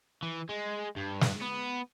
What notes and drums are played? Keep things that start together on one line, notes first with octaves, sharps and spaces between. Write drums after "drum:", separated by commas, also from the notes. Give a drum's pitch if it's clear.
E3
G#3
G2
drum: snare
B3